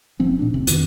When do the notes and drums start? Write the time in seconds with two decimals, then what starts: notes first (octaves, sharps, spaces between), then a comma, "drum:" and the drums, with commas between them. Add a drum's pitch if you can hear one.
0.20 F#1 F3 C4 C#4
0.39 A#2 D4
0.54 F1 C3 C4
0.67 F2 D#3, drum: hi-hat